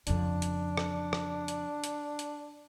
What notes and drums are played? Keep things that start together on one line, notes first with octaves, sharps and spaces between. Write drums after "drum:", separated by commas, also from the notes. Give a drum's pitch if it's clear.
F2 C#3 D4, drum: hi-hat
drum: hi-hat
drum: rim click
drum: rim click
drum: hi-hat
drum: hi-hat
drum: hi-hat